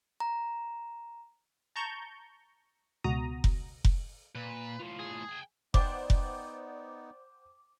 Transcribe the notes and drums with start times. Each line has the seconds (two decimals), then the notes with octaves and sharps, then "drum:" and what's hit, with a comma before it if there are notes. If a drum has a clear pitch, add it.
0.20 A#5
1.76 A5 A#5 C#6 G6
3.04 C#2 B2 F#4 A#5 D#6
3.44 drum: kick F1
3.84 drum: kick F1
4.35 A#2 B4
4.79 A2 F4
4.99 G#4
5.29 G5 G#5
5.74 B3 D#4 C5 D5 F#5 G5 D6, drum: kick F1
6.10 drum: kick F1